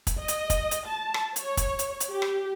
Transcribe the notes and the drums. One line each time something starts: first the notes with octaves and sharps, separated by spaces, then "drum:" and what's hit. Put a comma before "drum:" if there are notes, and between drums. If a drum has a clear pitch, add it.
drum: kick, hi-hat
D#5
drum: hi-hat
drum: kick, hi-hat
drum: hi-hat
A5
drum: rim click
C#5, drum: hi-hat
drum: kick, hi-hat
drum: hi-hat
drum: hi-hat
G4
drum: rim click